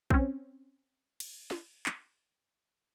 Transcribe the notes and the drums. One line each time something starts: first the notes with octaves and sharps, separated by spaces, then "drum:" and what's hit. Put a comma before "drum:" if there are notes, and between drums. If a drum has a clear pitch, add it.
C4 C#4, drum: kick A#1
drum: cymbal
drum: snare
drum: clap